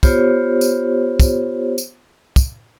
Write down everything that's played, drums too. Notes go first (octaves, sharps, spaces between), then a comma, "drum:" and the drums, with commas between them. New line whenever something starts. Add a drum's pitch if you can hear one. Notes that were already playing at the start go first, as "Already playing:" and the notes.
B3 F4 G4 C5 C#5, drum: kick, tambourine
drum: tambourine
drum: kick, tambourine
drum: tambourine
drum: kick, tambourine